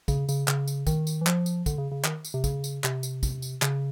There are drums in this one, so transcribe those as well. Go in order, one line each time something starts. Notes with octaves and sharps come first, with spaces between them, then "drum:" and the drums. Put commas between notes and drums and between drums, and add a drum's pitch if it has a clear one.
C#3, drum: kick, tambourine
C#3, drum: tambourine
C#3, drum: clap
drum: tambourine
D#3, drum: kick, tambourine
drum: tambourine
E3
F3, drum: clap
drum: tambourine
D3, drum: kick, tambourine
C#3
C#3
D#3, drum: clap
drum: tambourine
C3
C#3, drum: kick, tambourine
drum: tambourine
C3, drum: clap
drum: tambourine
drum: kick, tambourine
drum: tambourine
C#3, drum: clap